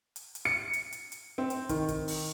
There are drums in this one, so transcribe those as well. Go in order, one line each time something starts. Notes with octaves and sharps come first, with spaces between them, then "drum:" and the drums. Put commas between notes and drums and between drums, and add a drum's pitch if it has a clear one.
drum: hi-hat
drum: hi-hat
C#7
drum: hi-hat
drum: hi-hat
drum: hi-hat
C4
drum: hi-hat
D#3, drum: kick, hi-hat
drum: kick, hi-hat
drum: open hi-hat